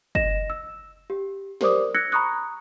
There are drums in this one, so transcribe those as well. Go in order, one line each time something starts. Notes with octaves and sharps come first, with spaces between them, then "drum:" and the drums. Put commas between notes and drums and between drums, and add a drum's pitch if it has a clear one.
D#5 A#6 E7, drum: kick F#1
E6
G4
G4 A#4 C5 D5 D6 D#6, drum: snare
E6 F#6 G#6 A#6 C#7
A#5 B5 C#6 D#6 F#6